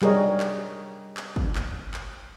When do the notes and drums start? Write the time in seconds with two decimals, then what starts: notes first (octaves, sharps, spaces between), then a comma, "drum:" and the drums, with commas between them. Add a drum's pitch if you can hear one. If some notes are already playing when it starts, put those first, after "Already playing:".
0.02 G3 G#4 A#4 C#5 D#5, drum: clap
0.40 drum: clap
1.17 drum: clap
1.36 drum: kick
1.55 drum: clap
1.94 drum: clap